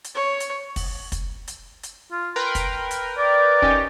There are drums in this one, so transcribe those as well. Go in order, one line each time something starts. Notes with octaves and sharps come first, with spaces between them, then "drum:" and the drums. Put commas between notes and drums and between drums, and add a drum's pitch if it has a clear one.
drum: hi-hat
C#5
drum: hi-hat
drum: kick, open hi-hat
drum: kick, hi-hat
drum: hi-hat
drum: hi-hat
F4
A#4 B4 G5 C6
drum: kick, hi-hat
drum: hi-hat
D5
C#4 D#4 G4, drum: kick